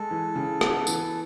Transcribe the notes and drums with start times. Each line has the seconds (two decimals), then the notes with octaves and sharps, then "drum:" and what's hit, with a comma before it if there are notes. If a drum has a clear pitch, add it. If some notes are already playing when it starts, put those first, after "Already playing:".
Already playing: G#3 A4
0.11 E3
0.36 C#3
0.61 B3, drum: rim click
0.87 E3, drum: tambourine